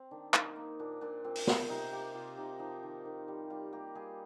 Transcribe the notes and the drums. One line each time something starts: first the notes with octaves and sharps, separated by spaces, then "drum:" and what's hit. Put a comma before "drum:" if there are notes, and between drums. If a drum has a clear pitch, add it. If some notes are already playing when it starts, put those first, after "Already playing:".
Already playing: C4
D#3 D4
A#3 D#4, drum: clap
A#3
A#2 D4
A#2 D4
A#2 C4
drum: open hi-hat
C3, drum: snare
C3 D#4
A#3 G4
C3 F4
C3 D#4
F3 D#4
D#3
D#3
G3
G3 F4
A#3 G4
G3 G#4